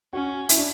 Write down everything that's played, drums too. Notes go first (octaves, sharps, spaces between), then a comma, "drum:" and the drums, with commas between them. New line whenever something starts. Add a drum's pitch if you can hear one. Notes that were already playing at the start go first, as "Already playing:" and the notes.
C#4 F#4
E4, drum: hi-hat
D4